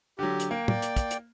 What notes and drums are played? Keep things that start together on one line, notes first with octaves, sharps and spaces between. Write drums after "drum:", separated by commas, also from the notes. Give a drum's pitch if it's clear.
D3 F#3 G4
drum: hi-hat
A#3 G5
D5 G5, drum: tom
drum: hi-hat
drum: kick, hi-hat
drum: hi-hat